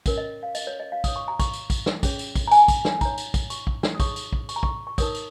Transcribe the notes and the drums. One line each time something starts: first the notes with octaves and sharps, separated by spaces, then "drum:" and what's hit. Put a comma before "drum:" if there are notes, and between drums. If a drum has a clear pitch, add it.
C#4 A#4 C#5, drum: kick, tambourine
D#5
F5
D#5, drum: tambourine
C#5
D#5
F5
D#4 C#5 D#6, drum: kick, tambourine
C#6
A#5
C#6, drum: kick, tambourine
drum: tambourine
drum: kick, tambourine
drum: snare
C#4 G#4 C#5, drum: kick, tambourine
drum: tambourine
drum: kick, tambourine
A#5
G#5, drum: tambourine
drum: kick, tambourine
drum: snare
D#4 C#5 A#5, drum: kick, tambourine
drum: tambourine
drum: kick, tambourine
C#6, drum: tambourine
drum: kick
drum: snare
D#6
D#4 G#4 C#5 C#6, drum: kick, tambourine
drum: tambourine
drum: kick
C#6, drum: tambourine
A#5
C#6, drum: kick
C#6
D#4 A#4 C#5 D#6, drum: kick, tambourine
drum: tambourine